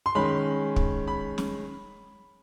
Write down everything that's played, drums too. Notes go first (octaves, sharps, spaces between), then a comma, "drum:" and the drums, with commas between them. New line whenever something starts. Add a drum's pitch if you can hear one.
C6
D#3 G#3 C#4 B5
drum: kick
B5
drum: snare